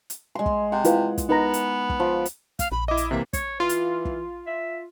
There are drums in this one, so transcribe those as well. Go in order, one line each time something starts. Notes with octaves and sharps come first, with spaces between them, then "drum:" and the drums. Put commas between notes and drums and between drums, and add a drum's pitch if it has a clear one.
drum: hi-hat
G#3 C6
drum: kick
C3 F#5
E4 F4 B4, drum: hi-hat
drum: kick, hi-hat
B3 D#4 B4 A#5
drum: hi-hat
drum: kick
F3
drum: hi-hat
F5, drum: kick, hi-hat
A#1 B5
E4 D#5 D6
drum: hi-hat
C3 E3 A#3 E5
C#5, drum: kick, hi-hat
E3 F4
drum: hi-hat
drum: kick
E5